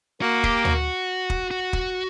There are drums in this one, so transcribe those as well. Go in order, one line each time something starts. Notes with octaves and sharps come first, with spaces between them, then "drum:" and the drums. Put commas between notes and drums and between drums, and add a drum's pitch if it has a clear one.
A#3 F#4
G4, drum: kick
F#4, drum: tom
drum: kick
F#4
drum: kick